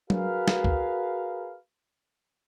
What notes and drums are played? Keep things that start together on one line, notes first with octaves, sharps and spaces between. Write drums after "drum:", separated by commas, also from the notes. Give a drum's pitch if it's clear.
F#4 G#4 A#4 B4 F5, drum: tom F#3
drum: snare
drum: kick